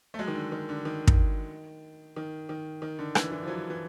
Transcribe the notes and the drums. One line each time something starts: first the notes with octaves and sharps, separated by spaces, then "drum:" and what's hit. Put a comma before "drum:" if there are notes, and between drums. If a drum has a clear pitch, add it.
A3
F#3 G#3
D#3
D3
D#3
D3
D#3
drum: kick
D#3
D#3
D#3
D3
D3 E3, drum: rim click
D3 E3
F3
E3 F#3
E3